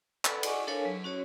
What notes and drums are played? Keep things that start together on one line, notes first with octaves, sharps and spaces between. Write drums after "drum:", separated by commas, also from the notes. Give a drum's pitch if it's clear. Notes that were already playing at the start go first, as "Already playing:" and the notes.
A4 B4 D5 F#5 B5, drum: clap
D5 D#5 F#5 G#5 C#6 D6, drum: cymbal
D4 A4 A#4 C#5 F5 G#5
F#3
C#4 F#4 C#5